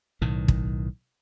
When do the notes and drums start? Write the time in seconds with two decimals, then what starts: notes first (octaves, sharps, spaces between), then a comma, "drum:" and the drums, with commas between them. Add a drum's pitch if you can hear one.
0.22 B1 A2 D#3
0.48 drum: kick